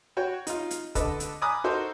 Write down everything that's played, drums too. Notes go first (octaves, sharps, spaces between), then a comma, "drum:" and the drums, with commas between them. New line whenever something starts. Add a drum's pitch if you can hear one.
F#4 C#5 G5
D#4 F4, drum: hi-hat
drum: hi-hat
D3 A4 B4 D#5 A5, drum: kick, hi-hat
drum: hi-hat
G#5 A#5 B5 D6 D#6 F#6
D#4 F#4 A4 A#4 C5